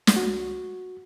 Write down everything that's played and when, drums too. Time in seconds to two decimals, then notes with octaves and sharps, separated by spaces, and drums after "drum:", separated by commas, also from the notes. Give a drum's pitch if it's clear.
0.07 drum: snare
0.16 F#4